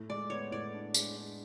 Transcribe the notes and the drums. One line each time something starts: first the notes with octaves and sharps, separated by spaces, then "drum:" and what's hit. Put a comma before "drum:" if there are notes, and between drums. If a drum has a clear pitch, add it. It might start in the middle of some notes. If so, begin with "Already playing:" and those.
Already playing: A2
G#3 D5
B3 C#5
A2 D5
D4
G#3, drum: tambourine
D4